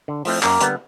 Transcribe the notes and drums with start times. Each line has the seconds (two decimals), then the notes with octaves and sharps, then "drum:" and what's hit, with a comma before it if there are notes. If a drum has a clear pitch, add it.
0.08 D3
0.25 F3 A3 C4 E4, drum: open hi-hat
0.43 F#2 A#3, drum: clap
0.61 D3 G3 B3, drum: hi-hat